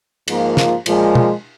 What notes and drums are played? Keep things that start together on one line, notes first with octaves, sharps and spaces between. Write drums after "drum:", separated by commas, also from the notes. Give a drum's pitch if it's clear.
G#2 F3 A#3 F4, drum: cymbal
drum: snare
A#2 F3 G#3, drum: cymbal
drum: tom